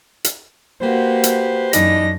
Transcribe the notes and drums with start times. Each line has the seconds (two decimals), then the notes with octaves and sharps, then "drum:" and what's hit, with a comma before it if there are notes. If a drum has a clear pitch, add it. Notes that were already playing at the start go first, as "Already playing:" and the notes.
0.24 drum: hi-hat
0.81 A#3 F#4 G4 B4 C5
1.24 drum: hi-hat
1.73 F#2 E3 D4 D#4 A#6, drum: hi-hat